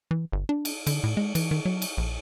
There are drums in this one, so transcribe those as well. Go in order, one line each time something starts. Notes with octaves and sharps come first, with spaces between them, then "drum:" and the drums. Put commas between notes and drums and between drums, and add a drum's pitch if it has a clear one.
E3
G1
D4
drum: cymbal
D3, drum: cymbal
A2
G#3
E3, drum: cymbal
D#3
F#3
drum: cymbal
A#1